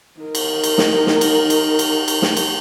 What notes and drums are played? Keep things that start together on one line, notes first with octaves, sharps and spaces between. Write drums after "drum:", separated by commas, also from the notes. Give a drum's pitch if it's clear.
D#4 A#4
drum: cymbal
drum: cymbal
drum: snare
drum: snare
drum: cymbal
drum: cymbal
drum: cymbal
drum: cymbal
drum: snare
drum: cymbal